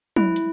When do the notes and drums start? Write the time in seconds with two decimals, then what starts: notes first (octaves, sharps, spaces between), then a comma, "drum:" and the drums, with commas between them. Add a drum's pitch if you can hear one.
0.16 E4, drum: tom
0.36 drum: hi-hat